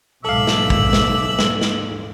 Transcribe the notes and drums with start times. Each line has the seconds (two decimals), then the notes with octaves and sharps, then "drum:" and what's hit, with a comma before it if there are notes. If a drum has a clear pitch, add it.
0.25 B1 G#2 A4 E5 F5 D6 E6 F#7
0.47 drum: snare
0.70 drum: kick
0.93 drum: snare
1.39 drum: snare
1.61 drum: snare